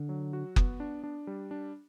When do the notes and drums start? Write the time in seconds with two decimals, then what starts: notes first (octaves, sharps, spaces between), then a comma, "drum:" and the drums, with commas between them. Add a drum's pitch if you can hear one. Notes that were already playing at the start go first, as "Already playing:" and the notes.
Already playing: D3
0.09 F#3
0.33 F#4
0.56 B3, drum: kick F#1
0.80 D4
1.04 D4
1.27 G3
1.51 D4